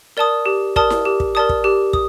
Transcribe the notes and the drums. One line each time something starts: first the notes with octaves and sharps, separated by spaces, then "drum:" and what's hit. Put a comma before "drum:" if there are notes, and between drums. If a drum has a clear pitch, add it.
A#4 D5 A5 D#6
G4
A#4 D5 A5 D#6, drum: kick
drum: snare E4
G4
drum: kick
A#4 D5 A5 D#6
drum: kick
G4
D#6, drum: kick